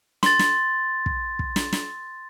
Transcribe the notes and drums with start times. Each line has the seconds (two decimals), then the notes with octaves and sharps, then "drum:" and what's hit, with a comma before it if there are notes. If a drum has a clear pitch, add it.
0.23 C6 A6, drum: snare
0.39 drum: snare
1.06 drum: kick
1.39 drum: kick
1.56 drum: snare
1.73 drum: snare